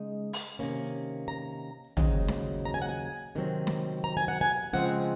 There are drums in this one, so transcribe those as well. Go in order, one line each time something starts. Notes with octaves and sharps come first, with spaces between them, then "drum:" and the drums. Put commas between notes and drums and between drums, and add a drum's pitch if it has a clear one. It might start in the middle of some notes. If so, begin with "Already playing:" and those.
Already playing: C#3 G#3 D#4
drum: open hi-hat
C3 D#3 A#3 C#4
A#5
D#2 C#3 F#3 C4 D#4, drum: tom
drum: snare
A#5
G#5
F#5
G#5
C3 D#3 F#3 C4
drum: snare
A#5
G#5
F#5
G#5
C#3 F3 G#3 C4 F#5